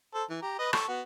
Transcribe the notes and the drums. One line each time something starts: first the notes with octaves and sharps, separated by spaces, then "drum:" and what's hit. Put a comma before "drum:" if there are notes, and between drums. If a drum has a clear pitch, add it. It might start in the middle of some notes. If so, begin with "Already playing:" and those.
A4 C5
E3
G4 A#5
B4 D#5
A4 A5 C#6, drum: rim click
B3 F#4